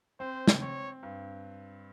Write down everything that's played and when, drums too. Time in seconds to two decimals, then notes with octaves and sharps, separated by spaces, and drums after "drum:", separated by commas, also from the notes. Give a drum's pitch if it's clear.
0.20 C4 C5
0.48 drum: snare
0.61 C4 C#5
1.03 G2